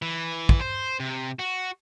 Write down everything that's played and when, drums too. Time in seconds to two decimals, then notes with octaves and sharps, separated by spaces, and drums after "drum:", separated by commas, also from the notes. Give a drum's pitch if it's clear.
0.02 E3
0.49 drum: kick
0.60 C5
1.00 C3
1.39 F#4